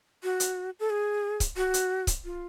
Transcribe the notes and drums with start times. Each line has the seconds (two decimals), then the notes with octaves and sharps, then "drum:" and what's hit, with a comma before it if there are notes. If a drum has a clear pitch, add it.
0.23 F#4
0.40 drum: hi-hat
0.80 A4
0.90 G#4
1.40 drum: kick C#1, hi-hat
1.56 F#4
1.74 drum: hi-hat
2.07 drum: kick C#1, hi-hat
2.24 F4